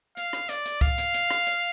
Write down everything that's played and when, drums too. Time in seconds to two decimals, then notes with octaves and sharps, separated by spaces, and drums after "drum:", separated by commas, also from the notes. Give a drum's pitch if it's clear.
0.17 F5, drum: hi-hat
0.33 drum: rim click
0.49 D5, drum: hi-hat
0.66 drum: hi-hat
0.81 F5, drum: kick C#2, hi-hat
0.98 drum: hi-hat
1.14 drum: hi-hat
1.30 drum: rim click
1.47 drum: hi-hat